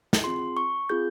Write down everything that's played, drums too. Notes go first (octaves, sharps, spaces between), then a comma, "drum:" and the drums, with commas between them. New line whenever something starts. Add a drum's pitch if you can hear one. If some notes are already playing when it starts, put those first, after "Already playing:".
drum: snare
C4 F4 G#4 C6
C#6
C4 F4 G#4 G6